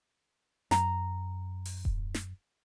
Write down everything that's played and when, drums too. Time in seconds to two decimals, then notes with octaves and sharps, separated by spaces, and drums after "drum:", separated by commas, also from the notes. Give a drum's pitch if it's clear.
0.71 F#2 A#5, drum: snare
1.65 drum: open hi-hat
1.85 drum: kick D#1
2.14 drum: snare